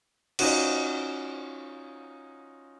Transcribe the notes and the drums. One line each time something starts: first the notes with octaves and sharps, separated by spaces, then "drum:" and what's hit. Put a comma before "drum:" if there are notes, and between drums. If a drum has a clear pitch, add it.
C#4 D#4 F4 F#4 F#5, drum: cymbal